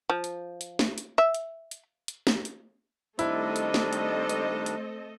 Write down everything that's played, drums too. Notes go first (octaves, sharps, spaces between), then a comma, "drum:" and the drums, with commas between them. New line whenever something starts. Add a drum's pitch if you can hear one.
F3
drum: hi-hat
drum: hi-hat
drum: snare
drum: hi-hat
E5
drum: hi-hat
drum: hi-hat
drum: hi-hat
drum: snare
drum: hi-hat
D#3 G3 A3 C4 D4 E4 A4 D#5, drum: hi-hat
drum: hi-hat
drum: snare
drum: hi-hat
drum: hi-hat
drum: hi-hat